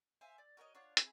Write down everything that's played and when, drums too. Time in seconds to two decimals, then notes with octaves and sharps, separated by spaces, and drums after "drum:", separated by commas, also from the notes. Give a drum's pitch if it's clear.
0.21 C5 E5 F5 G#5
0.38 D5
0.57 F#4 A#4 C#5 D#5
0.75 D4 F4 C#5 F#5
0.97 C4 E4 G#4 B5, drum: hi-hat